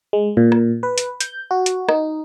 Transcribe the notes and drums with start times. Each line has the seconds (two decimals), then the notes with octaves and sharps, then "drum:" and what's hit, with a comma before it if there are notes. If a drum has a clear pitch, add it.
0.13 G#3
0.37 A#2
0.52 drum: rim click
0.83 B4
0.98 drum: hi-hat
1.20 G6, drum: hi-hat
1.51 F#4
1.66 drum: hi-hat
1.89 D#4, drum: rim click